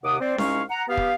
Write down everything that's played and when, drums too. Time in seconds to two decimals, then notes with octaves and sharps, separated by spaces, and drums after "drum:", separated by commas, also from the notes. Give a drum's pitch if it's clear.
0.03 D#2 C3 F#5 D6 D#6
0.20 C4 C5 D5
0.38 C2 G#3 C#4 D#4 F5 C#6, drum: snare C#4
0.70 F#5 A#5
0.88 B3 G4 F5
0.97 drum: kick